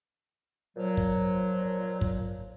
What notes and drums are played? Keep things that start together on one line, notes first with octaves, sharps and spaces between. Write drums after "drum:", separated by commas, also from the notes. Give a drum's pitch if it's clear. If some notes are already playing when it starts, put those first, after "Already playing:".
A#2 F3 F#3
drum: kick
drum: kick